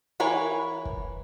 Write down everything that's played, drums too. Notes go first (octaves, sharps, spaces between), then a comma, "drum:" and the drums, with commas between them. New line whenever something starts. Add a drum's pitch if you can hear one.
E3 A#4 B4 C#5 G#5
drum: kick